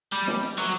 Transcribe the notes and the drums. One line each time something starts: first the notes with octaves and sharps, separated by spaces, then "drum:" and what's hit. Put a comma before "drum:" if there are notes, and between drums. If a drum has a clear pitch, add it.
G3
drum: snare
F#3, drum: hi-hat